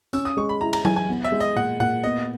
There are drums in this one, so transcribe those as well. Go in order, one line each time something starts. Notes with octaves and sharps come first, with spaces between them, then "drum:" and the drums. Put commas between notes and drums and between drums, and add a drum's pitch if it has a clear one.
C#4 E6, drum: tambourine
D#6
G#3 C#6
B5
E4 A#5
A#5, drum: cymbal
E3 G#5, drum: tom F#3
G#5
B3
E5
G#3
D#5
A#2 F#5
A#2 F#5
B3 D#5